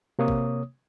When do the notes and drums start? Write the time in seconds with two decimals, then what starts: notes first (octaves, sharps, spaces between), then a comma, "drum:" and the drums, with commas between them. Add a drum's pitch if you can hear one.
0.19 C3 A#3 C#5 D#6
0.28 drum: kick G#1